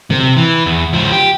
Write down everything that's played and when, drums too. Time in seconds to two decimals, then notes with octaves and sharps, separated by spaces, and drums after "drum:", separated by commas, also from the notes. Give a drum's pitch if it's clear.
0.10 C3, drum: tom
0.37 E3
0.66 E2
0.93 C#2 F3
1.12 G4